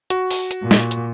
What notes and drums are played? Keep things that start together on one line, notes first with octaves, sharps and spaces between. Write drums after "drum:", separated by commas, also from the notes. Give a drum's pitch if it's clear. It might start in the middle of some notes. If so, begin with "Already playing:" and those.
F#4, drum: hi-hat
drum: open hi-hat
drum: hi-hat
A#2
drum: snare
drum: hi-hat